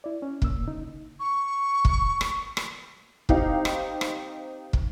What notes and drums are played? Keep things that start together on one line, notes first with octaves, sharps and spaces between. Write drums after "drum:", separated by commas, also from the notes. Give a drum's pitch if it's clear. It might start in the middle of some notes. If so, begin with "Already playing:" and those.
E4 D5
C#4
A#2 A#3 E6, drum: kick
C#3 D#4
C#6
drum: kick
drum: rim click
drum: rim click
C4 D#4 G4 F5, drum: kick
drum: rim click
drum: rim click
drum: kick